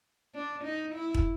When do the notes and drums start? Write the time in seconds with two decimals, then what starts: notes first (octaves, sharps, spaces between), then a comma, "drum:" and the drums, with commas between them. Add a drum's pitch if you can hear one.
0.35 D4
0.64 D#4
0.95 E4
1.14 drum: kick